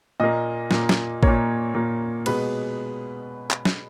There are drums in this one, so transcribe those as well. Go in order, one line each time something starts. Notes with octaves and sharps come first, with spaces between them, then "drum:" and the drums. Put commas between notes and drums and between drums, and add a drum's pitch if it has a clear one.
A#2 A#3 D#5
A#2 A#3, drum: snare
drum: snare
A#2 A#3 C#5, drum: kick A1
A#2 A#3
B2 G#3 B3 B4, drum: cymbal
drum: clap
drum: snare